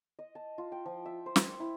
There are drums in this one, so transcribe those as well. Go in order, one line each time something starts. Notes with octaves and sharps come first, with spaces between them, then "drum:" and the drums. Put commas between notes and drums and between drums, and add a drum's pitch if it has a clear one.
D#5
A5
F4
G5
F3
E5
C5
drum: snare
E4